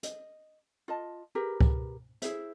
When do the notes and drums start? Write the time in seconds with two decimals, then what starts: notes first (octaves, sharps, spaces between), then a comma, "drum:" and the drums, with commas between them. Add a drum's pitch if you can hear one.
0.03 D#5, drum: hi-hat
0.88 F4 D#5 A5
1.35 G4 G#4 A#4 B4
1.60 drum: kick C#2
2.22 E4 G#4 C5 E5, drum: hi-hat